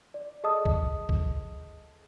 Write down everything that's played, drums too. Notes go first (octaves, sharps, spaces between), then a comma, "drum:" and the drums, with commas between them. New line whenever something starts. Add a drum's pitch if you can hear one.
D5
G#4 A4 D#5 A5 D#6 E6
drum: kick
drum: kick